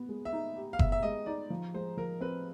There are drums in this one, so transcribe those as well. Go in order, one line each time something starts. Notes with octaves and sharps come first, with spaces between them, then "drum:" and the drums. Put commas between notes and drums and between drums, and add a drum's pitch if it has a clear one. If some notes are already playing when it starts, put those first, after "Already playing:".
Already playing: B3
G#3
E5
D#4
G4
F5
B3 E5, drum: kick F#1
E5
G#3 D#5
D#4 D5
F3
G#3 C5
F3 A#4
C4 B4